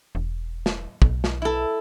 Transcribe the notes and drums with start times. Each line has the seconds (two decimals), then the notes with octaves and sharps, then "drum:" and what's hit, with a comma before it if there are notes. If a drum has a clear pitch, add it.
0.15 E1
0.66 drum: snare
1.02 B1, drum: kick
1.24 drum: snare
1.42 E4 A4